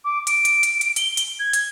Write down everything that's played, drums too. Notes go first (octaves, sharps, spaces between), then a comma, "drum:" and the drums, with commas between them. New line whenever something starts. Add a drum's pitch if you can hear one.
D6
D7, drum: hi-hat
drum: hi-hat
drum: hi-hat
drum: hi-hat
G7, drum: hi-hat
drum: hi-hat
G#6
drum: hi-hat